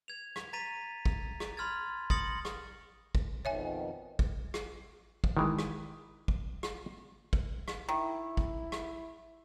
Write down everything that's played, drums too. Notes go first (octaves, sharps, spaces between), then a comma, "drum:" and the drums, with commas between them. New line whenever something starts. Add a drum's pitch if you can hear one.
G#6 F7
drum: rim click
A#5 A6 B6 D#7 F7
drum: kick
drum: rim click
B5 C6 F6 G#6 A6
C6 D#6 A6 A#6 C#7 F#7, drum: kick
drum: rim click
drum: kick
F2 B2 D#3 C#5 E5 G#5
drum: kick
drum: rim click
drum: kick
D#3 E3 G#3
drum: rim click
drum: kick
drum: rim click
drum: kick
drum: rim click
D#3 E4
drum: kick
drum: rim click